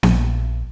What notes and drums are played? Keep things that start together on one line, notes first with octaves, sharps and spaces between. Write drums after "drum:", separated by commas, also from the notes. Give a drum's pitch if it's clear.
A#1, drum: snare B3